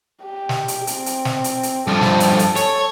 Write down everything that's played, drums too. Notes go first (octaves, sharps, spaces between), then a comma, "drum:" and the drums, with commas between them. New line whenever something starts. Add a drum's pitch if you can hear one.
G4
drum: snare
drum: hi-hat
C4, drum: hi-hat
drum: hi-hat
drum: snare
drum: hi-hat
drum: hi-hat
G2 F3 A4
drum: snare
drum: hi-hat
drum: hi-hat
C#5, drum: hi-hat